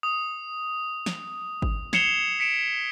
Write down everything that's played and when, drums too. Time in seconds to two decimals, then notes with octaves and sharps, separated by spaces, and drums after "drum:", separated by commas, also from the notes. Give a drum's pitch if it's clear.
0.03 D#6
1.06 drum: snare
1.62 drum: kick G#1
1.93 G#6 C7 C#7 E7 F7 G7, drum: snare
2.40 B6 C#7 D7 E7